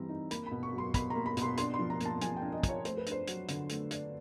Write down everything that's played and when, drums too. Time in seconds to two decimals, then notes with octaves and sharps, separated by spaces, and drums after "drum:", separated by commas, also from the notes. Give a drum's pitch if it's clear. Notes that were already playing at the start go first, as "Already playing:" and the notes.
Already playing: E3 G3 C4 A#5
0.09 D#4
0.31 A#3 B5, drum: hi-hat
0.46 B2 B5
0.63 C#6
0.73 F#3
0.78 C6
0.94 B2 B5, drum: kick, hi-hat
1.10 A#3 A#5
1.26 B5
1.37 B2 C6, drum: hi-hat
1.57 D4 C6, drum: hi-hat
1.74 C6
1.79 F3
1.90 A#5
2.00 A#3, drum: hi-hat
2.06 A5
2.21 F3 G#5, drum: hi-hat
2.37 G5
2.42 D4
2.52 D#5
2.63 F3, drum: kick, hi-hat
2.69 C#5
2.85 A3 C5, drum: hi-hat
2.97 B4
3.06 D4, drum: hi-hat
3.11 C5
3.27 F#3, drum: hi-hat
3.48 D3, drum: hi-hat
3.69 A3, drum: hi-hat
3.91 D4, drum: hi-hat